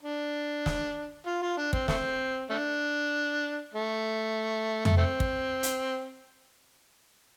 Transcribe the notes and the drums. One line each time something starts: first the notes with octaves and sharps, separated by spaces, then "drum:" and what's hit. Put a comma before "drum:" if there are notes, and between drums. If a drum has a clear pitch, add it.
D4
drum: snare
F4
F4
D4
C4, drum: kick
A3 C4, drum: snare
A3 D4
A3
A3, drum: tom
A3 C4
drum: kick
drum: hi-hat